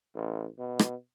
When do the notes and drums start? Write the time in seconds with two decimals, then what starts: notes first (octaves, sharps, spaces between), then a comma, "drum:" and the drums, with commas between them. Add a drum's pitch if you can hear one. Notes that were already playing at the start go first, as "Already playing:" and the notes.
0.15 A1
0.59 B2
0.79 drum: rim click